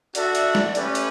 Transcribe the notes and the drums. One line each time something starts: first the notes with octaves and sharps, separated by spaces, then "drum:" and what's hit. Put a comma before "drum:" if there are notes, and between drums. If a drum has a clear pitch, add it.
D4 F#4 A4 D5 E5, drum: hi-hat
drum: hi-hat
drum: snare
A3 C#4 G4 B4, drum: hi-hat
drum: hi-hat